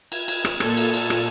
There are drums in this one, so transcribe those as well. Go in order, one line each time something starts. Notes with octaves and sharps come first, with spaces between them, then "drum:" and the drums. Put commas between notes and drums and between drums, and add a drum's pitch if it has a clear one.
G#6, drum: cymbal
drum: cymbal
drum: rim click
A#2 A4 G#6, drum: rim click
drum: cymbal
drum: cymbal
drum: rim click